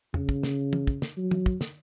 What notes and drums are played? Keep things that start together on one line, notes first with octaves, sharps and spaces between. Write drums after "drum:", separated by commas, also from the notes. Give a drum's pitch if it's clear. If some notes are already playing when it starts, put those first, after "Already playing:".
C#3, drum: tom
drum: kick
drum: snare
drum: tom
drum: kick
drum: snare
F#3
drum: tom
drum: kick
drum: snare